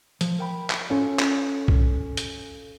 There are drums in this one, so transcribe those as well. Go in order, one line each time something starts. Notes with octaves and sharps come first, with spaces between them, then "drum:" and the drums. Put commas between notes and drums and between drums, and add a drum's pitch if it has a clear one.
F3, drum: hi-hat
A#4 G5 B5
drum: clap
C#4 F4 A4 C#5
drum: clap
drum: kick B1
drum: hi-hat